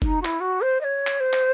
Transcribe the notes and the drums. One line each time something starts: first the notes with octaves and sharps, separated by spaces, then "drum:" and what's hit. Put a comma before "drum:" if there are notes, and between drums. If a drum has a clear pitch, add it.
D#4, drum: kick
F#4
E4, drum: clap
F#4
C5
D#5
C#5
drum: clap
C5
drum: clap